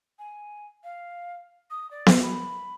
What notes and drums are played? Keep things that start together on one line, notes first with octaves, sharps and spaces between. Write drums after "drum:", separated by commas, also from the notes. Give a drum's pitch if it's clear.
G#5
F5
D#6
D5
drum: snare B3
B5